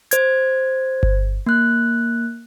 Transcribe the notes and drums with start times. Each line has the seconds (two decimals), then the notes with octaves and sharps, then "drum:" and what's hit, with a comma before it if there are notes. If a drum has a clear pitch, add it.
0.11 C5 G#6, drum: hi-hat
1.03 drum: kick G1
1.46 A#3 F#6